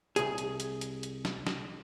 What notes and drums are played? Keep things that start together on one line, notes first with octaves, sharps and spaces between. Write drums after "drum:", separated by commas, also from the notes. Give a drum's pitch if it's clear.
C2 G#4, drum: hi-hat
drum: hi-hat
drum: hi-hat
drum: hi-hat
drum: hi-hat
drum: snare
drum: snare